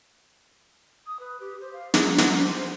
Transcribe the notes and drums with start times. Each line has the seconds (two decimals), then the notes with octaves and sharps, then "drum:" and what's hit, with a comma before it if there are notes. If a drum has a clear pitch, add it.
1.06 D#6
1.20 B4
1.40 G4
1.61 C5
1.73 F5
1.94 G#4, drum: snare
2.18 F#5, drum: snare
2.37 C5